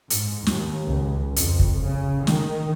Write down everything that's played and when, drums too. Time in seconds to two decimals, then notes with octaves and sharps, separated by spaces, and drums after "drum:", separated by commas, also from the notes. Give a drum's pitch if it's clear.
0.10 G#2, drum: hi-hat
0.46 D#2, drum: snare
0.87 C#2
1.36 F2, drum: hi-hat
1.59 drum: kick
1.81 C#3
2.27 D#3, drum: snare